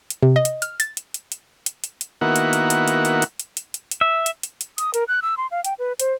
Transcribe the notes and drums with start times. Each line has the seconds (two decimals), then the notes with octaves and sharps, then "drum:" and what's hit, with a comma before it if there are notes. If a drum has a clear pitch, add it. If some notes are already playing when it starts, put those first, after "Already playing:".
0.10 drum: hi-hat
0.23 C3
0.36 D#5
0.45 drum: hi-hat
0.62 F6, drum: hi-hat
0.80 A6, drum: hi-hat
0.97 drum: hi-hat
1.14 drum: hi-hat
1.32 drum: hi-hat
1.66 drum: hi-hat
1.84 drum: hi-hat
2.01 drum: hi-hat
2.21 D#3 A#3 B3 E4 F#4 F#5
2.36 drum: hi-hat
2.53 drum: hi-hat
2.70 drum: hi-hat
2.88 drum: hi-hat
3.05 drum: hi-hat
3.22 drum: hi-hat
3.40 drum: hi-hat
3.57 drum: hi-hat
3.74 drum: hi-hat
3.91 drum: hi-hat
4.01 E5
4.26 drum: hi-hat
4.43 drum: hi-hat
4.61 drum: hi-hat
4.78 D#6, drum: hi-hat
4.94 A#4, drum: hi-hat
5.08 F#6
5.22 E6
5.37 C6
5.51 F5
5.65 G5, drum: hi-hat
5.79 B4
6.00 C5, drum: hi-hat